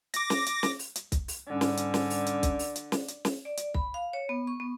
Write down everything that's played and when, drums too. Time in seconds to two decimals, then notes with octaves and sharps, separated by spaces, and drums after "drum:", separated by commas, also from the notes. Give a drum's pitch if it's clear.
0.14 D6 A#6, drum: hi-hat
0.30 drum: snare
0.46 drum: hi-hat
0.63 drum: snare
0.79 drum: open hi-hat
0.96 drum: hi-hat
1.12 drum: kick, hi-hat
1.28 drum: open hi-hat
1.48 G#2 D3 G3 C#4
1.61 drum: snare
1.77 drum: hi-hat
1.94 drum: snare
2.10 drum: open hi-hat
2.26 drum: hi-hat
2.43 drum: kick, hi-hat
2.59 drum: open hi-hat
2.76 drum: hi-hat
2.92 drum: snare
3.08 drum: hi-hat
3.25 drum: snare
3.45 D5
3.57 drum: hi-hat
3.74 B5, drum: kick
3.94 F5
4.13 C#5
4.29 B3
4.47 C#6
4.60 B3